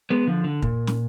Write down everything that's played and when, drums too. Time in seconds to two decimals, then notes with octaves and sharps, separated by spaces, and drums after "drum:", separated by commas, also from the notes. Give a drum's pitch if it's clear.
0.10 G#3 B3
0.27 D3 F3
0.44 D3
0.62 A#2, drum: kick
0.87 drum: snare